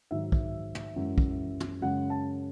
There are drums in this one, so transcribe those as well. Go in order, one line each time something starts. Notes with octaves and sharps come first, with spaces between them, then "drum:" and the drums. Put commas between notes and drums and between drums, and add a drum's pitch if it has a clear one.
G#2 D#3 F#3 E5
drum: kick
drum: tom
F#2 E3 G#3
drum: kick
drum: tom
F#2 C#3 G#3 F#5
A5